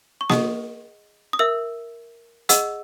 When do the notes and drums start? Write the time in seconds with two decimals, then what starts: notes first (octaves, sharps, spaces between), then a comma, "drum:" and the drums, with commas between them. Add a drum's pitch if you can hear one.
0.21 C#6
0.30 G#4 D#5 F#5 D#6, drum: snare A#3
1.33 D#6
1.39 A#4 E5 E6
2.49 G#4 D#5 F#5 E6, drum: hi-hat